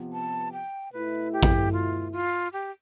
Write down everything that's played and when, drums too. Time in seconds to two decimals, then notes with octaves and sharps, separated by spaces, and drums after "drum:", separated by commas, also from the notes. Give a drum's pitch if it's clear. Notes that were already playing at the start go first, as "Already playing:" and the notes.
Already playing: C3 F3 B3
0.13 A5
0.53 G5
0.93 B2 A3 E4 B4
1.33 G4
1.43 drum: kick A1
1.73 F4
2.12 F4
2.53 G4